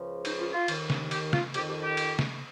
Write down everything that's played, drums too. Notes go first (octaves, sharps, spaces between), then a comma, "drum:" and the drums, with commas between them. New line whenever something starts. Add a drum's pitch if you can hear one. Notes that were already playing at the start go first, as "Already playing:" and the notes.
Already playing: C#2 C#3 F3
D#4, drum: cymbal
F4
F4
D#2 D#3, drum: cymbal
drum: snare
G4, drum: cymbal
F4, drum: snare
F2 D#3 G4, drum: cymbal
G4
G4
drum: cymbal
drum: snare